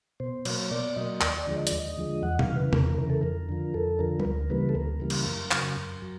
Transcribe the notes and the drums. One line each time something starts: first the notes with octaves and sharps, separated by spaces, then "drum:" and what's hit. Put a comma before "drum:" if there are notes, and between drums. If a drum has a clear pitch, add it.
B2 C5
F#3 A#3 C#5, drum: cymbal
B2 D5
F#3 A#3 D#5
D#2 D5, drum: clap
D5
D3 F3 G#3
D#5
D#2 D5, drum: hi-hat
D#5
D3 F3 G#3
E2 F#5
F5, drum: tom
C#3 E3
B4
E2 A#4, drum: tom C3
C#3 E3 A#4
A4
F2 A#4
D3 F3
F2 A4
D3 F3 A#4
B4, drum: tom
D2 A#4
C#3 E3 G3 A#3 B4
A4
D2 A#4
C#3 E3 G3 A#3
drum: cymbal
F#2
C#3 F#3, drum: clap
F#2
F#3